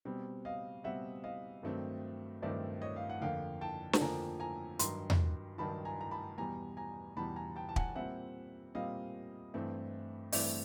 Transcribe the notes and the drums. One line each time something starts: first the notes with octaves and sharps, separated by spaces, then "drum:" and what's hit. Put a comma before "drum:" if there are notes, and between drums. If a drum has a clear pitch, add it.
B2 G3 C4
D#5 F5
B2 G3 C4 E5 F#5
D#5 F5
G2 D#3 F#3 A3 C4
G2 D#3 F#3 A3 C4 D5 E5
C#5 D#5
F5
F#5
F2 D3 F3 A#3 F5 G5
G5 A5
A5, drum: snare
F2 D3 F3 A#3 G#5 A#5
G#5 A#5
G2 D#3 F#3 A#5 C6, drum: hi-hat
drum: tom E2
G2 D#3 F#3 A5 B5
G#5 A#5
A#5
A5 B5
E2 B2 G3 G#5 A#5
G#5 A#5
E2 B2 G3 A5 B5
G#5 A#5
G5 A5
A5
F#5 G#5, drum: kick
A#2 G3 C4 E5 F#5
A#2 G3 C4 D#5 F5
G2 E3 A3 C4
G2 E3 A3 C4 D5 E5, drum: open hi-hat